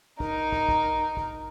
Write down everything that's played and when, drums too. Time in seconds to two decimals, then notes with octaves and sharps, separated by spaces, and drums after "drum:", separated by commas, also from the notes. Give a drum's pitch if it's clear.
0.20 D#4 A#4, drum: kick
0.52 drum: kick
0.69 drum: kick
1.17 drum: kick